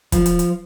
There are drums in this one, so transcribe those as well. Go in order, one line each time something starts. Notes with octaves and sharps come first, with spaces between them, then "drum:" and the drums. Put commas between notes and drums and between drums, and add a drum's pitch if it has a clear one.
F3, drum: kick, hi-hat
drum: hi-hat
drum: hi-hat